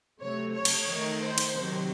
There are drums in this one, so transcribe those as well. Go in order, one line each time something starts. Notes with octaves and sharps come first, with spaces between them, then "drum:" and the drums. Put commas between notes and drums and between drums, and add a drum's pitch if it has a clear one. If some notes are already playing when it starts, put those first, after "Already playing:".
C3 F#3 A3 C#5
C#5
drum: cymbal
D#3 A3
C5
drum: cymbal
C3 D#3 F#3